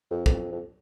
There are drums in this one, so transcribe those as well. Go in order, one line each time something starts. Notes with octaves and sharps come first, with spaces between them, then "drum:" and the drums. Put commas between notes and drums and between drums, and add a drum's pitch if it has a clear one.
F2
F2, drum: kick
F2